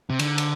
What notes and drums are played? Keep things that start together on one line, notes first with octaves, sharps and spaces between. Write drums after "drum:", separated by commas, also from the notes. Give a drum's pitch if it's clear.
C3
D3, drum: cymbal
drum: cymbal